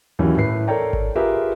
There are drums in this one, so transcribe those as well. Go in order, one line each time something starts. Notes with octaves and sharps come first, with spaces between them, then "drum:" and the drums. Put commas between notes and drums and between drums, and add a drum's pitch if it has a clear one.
D#2 E3 F#3 C#4
A2 B4 C7
A4 A#4 C#5 D5 G5 A#5
drum: kick G#1
F4 G4 G#4 A#4 B4 E5